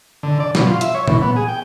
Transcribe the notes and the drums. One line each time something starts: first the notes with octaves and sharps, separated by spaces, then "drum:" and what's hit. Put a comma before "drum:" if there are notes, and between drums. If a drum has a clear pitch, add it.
D3
D5
B2, drum: snare
F4
E5, drum: hi-hat
C#5
E3, drum: tom A#2
B3
G#4
G5